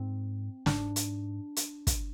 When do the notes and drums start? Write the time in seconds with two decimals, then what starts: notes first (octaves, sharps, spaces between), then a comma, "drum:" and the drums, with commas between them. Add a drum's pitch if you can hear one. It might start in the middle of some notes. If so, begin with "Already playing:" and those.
Already playing: G#2 C4
0.66 G#2 D4, drum: snare
0.96 drum: hi-hat
1.56 drum: hi-hat
1.87 drum: kick, hi-hat